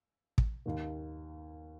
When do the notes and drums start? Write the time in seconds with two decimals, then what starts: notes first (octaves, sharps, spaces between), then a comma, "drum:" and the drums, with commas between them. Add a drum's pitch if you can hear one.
0.38 drum: kick
0.66 D#2 D#3 A#3